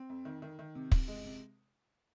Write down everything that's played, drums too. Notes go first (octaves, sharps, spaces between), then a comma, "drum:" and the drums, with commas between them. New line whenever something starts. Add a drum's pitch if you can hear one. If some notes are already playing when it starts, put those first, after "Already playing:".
Already playing: C4
F2
D#3
D#3
D#3
C3
C3, drum: kick
G#3
C3